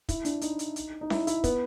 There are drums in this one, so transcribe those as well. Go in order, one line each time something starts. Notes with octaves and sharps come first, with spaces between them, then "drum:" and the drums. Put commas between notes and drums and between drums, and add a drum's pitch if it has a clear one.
E4, drum: kick, hi-hat
D4, drum: hi-hat
D#4, drum: hi-hat
drum: hi-hat
drum: hi-hat
D#4
E4, drum: snare C#4
E4, drum: hi-hat
B3, drum: kick, hi-hat